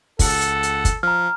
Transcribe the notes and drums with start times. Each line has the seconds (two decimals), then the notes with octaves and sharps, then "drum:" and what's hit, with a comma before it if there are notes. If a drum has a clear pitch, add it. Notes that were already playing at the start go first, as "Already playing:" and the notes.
0.19 C#2 A4 F#5, drum: kick, open hi-hat
0.41 drum: hi-hat
0.63 drum: hi-hat
0.85 drum: kick, hi-hat
1.03 F3 A#5 F6